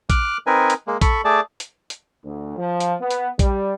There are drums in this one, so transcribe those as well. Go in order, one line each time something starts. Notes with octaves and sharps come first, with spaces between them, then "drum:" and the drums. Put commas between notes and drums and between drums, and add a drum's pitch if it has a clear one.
D6 F6 F#6, drum: kick A#1, hi-hat
C4 D#4 A#4 B4 G#5
drum: hi-hat
G#3 A#3
A4 B5 C#6, drum: kick A#1, hi-hat
A3 G#4 D5 A5
drum: hi-hat
drum: hi-hat
D2
F3
drum: hi-hat
B3
drum: hi-hat
G3, drum: kick A#1, hi-hat